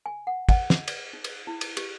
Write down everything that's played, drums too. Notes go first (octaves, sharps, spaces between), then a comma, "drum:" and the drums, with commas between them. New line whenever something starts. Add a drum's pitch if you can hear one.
G#5
F#5
F#5, drum: kick, cymbal
D#5, drum: snare
D5, drum: cymbal
D#4
drum: cymbal
E4
drum: cymbal
G4, drum: cymbal